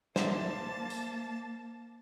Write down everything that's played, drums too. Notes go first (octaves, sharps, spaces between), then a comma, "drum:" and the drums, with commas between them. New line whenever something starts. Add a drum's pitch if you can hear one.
A#3 C5 E5 A5, drum: snare
drum: tambourine